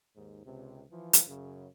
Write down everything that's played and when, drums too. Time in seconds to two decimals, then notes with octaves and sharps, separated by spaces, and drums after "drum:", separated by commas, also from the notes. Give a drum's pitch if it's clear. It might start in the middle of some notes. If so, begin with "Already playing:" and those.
0.16 D#2 G#2
0.45 C#2 C3
0.90 E3 F3
1.13 drum: hi-hat
1.27 F#2 C#3